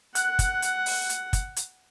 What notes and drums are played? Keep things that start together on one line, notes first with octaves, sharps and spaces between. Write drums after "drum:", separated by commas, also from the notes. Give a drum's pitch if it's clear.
F#5 F#6, drum: hi-hat
drum: kick, hi-hat
drum: hi-hat
drum: open hi-hat
drum: hi-hat
drum: kick, hi-hat
drum: hi-hat